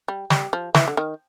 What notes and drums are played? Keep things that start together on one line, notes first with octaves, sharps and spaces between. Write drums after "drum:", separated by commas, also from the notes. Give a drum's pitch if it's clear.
G3
G3, drum: snare
F3
E3, drum: snare
D3
D#3